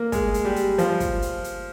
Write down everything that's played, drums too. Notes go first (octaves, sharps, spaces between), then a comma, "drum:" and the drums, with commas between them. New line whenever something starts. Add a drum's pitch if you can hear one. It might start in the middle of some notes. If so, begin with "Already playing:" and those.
Already playing: A#3
G#3, drum: kick, hi-hat
drum: hi-hat
G3
drum: hi-hat
F3, drum: hi-hat
drum: kick, hi-hat
drum: hi-hat
drum: hi-hat